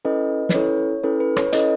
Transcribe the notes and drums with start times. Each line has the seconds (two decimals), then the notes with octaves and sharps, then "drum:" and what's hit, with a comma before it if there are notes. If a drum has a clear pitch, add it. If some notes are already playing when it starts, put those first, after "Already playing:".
0.05 C#4 E4 A4 B4 D#5
0.49 B4, drum: snare
0.54 C#4 E4 A4 C#5
1.03 C#4 E4 A4 B4
1.20 B4
1.36 C#5, drum: rim click
1.53 C#4 E4 A4 B4 D#5, drum: hi-hat